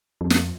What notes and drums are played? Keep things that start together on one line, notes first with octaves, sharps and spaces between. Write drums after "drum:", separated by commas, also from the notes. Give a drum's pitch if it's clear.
F2
drum: snare